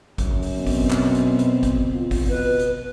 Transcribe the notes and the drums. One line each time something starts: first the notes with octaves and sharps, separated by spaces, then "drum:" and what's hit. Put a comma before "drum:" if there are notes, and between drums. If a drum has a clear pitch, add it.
F#2, drum: kick G#1, hi-hat
drum: open hi-hat
B2 C4
drum: kick G#1, open hi-hat
drum: clap
drum: hi-hat
drum: hi-hat
drum: kick G#1, hi-hat
F4
drum: kick G#1, open hi-hat
B2 B4
drum: hi-hat